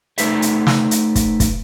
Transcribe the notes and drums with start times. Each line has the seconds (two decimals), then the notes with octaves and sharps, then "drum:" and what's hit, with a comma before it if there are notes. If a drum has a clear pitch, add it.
0.18 A3 D#4 A4 B4 C5 E5, drum: hi-hat
0.42 drum: hi-hat
0.67 drum: snare
0.91 drum: hi-hat
1.15 drum: kick, hi-hat
1.40 drum: kick, hi-hat